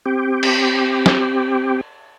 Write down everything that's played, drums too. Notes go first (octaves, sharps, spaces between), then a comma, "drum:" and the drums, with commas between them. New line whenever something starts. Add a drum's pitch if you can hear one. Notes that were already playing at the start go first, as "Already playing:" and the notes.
C4 G4
drum: cymbal
drum: snare